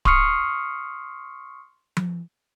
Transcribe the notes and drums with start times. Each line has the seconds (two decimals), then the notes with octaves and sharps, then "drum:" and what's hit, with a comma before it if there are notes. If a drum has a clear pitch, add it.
0.05 C6 C#6 D#6 F6 C7 C#7, drum: kick D1
1.97 drum: tom F3